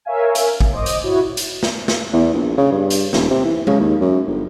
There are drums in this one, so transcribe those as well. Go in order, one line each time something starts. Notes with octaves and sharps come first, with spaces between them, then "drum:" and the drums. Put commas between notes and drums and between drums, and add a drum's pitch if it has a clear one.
A#4 C#5 E5 F5 G#5
drum: hi-hat
drum: kick
C5 D#5 D6 D#6
drum: hi-hat
E4 F#4 C#5
drum: hi-hat
drum: snare
drum: snare
E2
A#1
C#3
G2
drum: hi-hat
D#1, drum: snare
C3
E3
C#3, drum: tom G#3
D#2
F#2
G1